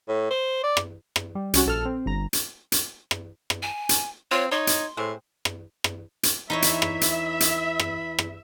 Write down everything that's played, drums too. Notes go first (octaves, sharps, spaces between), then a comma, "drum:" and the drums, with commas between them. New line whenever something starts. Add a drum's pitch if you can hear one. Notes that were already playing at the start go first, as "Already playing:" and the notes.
A2
C5
D5
drum: rim click
drum: rim click
G3
C2 C#4 F#4, drum: hi-hat
A#1 A4 F6
C4
G1 A#5
drum: hi-hat
drum: hi-hat
drum: rim click
drum: rim click
G#5
drum: hi-hat
C4 F4 C#5
D#4 C#5 C6
drum: hi-hat
A2 G#3 C4
drum: rim click
drum: rim click
drum: hi-hat
E2 E3 D#4 E4 C#5 E5 B5
drum: hi-hat
drum: rim click
drum: hi-hat
drum: hi-hat
drum: rim click
drum: rim click